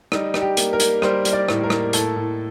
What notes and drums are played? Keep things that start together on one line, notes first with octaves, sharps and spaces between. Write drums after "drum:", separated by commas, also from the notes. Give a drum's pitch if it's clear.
G3 D#4, drum: rim click
G3, drum: rim click
G4
A#3, drum: hi-hat
A#4
A#3, drum: hi-hat
G3 C5, drum: rim click
G3, drum: hi-hat
D5
A2, drum: rim click
A#4
A#3, drum: rim click
A2 A4, drum: hi-hat
A2